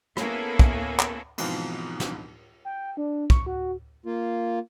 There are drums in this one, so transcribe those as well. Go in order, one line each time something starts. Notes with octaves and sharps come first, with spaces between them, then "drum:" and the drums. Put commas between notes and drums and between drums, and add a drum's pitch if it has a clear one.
A#3 B3 C#4 E4 G#4 A4, drum: rim click
drum: kick
drum: clap
G#2 B2 E3 F3 C4 F4, drum: cymbal
drum: snare
G5
D4
C#6, drum: kick
F#4
A#3 F4